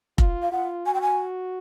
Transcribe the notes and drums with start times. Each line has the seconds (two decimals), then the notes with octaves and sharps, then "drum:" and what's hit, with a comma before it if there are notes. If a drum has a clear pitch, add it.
0.18 F4, drum: kick F1
0.42 F5
0.52 F4 F#5
0.86 F#4 G#5
0.94 G5
1.02 G#5